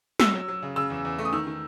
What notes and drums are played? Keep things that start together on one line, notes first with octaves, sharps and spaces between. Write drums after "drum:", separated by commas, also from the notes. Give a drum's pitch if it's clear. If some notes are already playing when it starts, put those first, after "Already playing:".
F#3 E6, drum: snare
F#3
F#3
C#3
C#3 E6
E2
E2
A3
D#6
D#3 E6
D#3